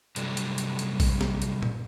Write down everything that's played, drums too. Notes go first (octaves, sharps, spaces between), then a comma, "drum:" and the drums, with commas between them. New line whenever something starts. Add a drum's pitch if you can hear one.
G2 C3 F#3 G3 A3 D4, drum: hi-hat
drum: hi-hat
drum: hi-hat
drum: hi-hat
drum: kick A#1, open hi-hat
drum: snare
drum: hi-hat
drum: tom